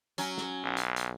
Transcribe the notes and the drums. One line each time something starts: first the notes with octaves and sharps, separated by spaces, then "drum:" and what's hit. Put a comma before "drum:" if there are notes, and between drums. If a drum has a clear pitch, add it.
F#3 C#4, drum: hi-hat
drum: snare
B1
drum: hi-hat
drum: hi-hat